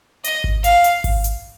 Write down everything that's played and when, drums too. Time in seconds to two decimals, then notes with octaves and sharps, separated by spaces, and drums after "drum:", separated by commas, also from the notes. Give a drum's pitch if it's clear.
0.24 D#5, drum: hi-hat
0.44 drum: kick G#1
0.64 F5, drum: hi-hat
0.84 drum: hi-hat
1.04 drum: kick G#1, open hi-hat
1.24 drum: hi-hat